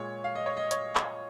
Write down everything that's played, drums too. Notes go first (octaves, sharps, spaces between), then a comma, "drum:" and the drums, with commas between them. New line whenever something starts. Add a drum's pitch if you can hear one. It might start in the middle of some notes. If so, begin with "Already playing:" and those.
Already playing: A#2 G#3 C#5
F5
D#5
C#5
D#5
C#5, drum: hi-hat
drum: clap